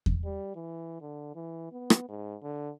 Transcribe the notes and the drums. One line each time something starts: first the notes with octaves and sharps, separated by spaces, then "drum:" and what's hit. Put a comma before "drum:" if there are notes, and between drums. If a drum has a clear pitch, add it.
drum: kick E2
G3
E3
D3
E3
B3
drum: rim click
G#2
D3